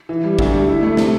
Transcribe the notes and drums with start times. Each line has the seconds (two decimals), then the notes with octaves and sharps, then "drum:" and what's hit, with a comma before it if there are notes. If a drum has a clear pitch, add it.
0.09 E3
0.24 G3
0.39 D2, drum: kick
0.53 G3
0.68 E4
0.83 A3
0.97 C3, drum: snare